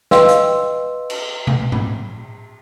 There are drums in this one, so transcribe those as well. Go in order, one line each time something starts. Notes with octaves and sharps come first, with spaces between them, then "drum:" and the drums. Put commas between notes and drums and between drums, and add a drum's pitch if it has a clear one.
B4 D#5 F5 G5 C6 E6, drum: snare
drum: hi-hat
drum: cymbal
drum: tom B2
drum: tom G#2